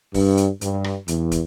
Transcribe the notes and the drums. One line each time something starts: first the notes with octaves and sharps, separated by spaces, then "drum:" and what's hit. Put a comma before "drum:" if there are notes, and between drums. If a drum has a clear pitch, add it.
G2, drum: kick, open hi-hat
drum: hi-hat
G2, drum: hi-hat
drum: rim click
E2, drum: hi-hat
drum: kick, hi-hat